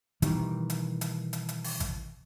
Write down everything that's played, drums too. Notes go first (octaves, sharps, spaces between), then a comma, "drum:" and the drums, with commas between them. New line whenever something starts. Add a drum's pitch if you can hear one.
B2 D#3 E3 G3, drum: hi-hat
drum: hi-hat
drum: hi-hat
drum: hi-hat
drum: hi-hat
drum: open hi-hat
drum: kick G#1, hi-hat